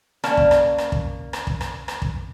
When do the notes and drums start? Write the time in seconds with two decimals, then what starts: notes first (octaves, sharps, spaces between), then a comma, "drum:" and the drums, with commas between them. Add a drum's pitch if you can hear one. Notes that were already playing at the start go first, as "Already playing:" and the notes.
0.24 A#3 C#4 D5 A5, drum: rim click
0.37 drum: kick
0.51 drum: rim click
0.78 drum: rim click
0.92 drum: kick
1.33 drum: rim click
1.47 drum: kick
1.61 drum: rim click
1.88 drum: rim click
2.02 drum: kick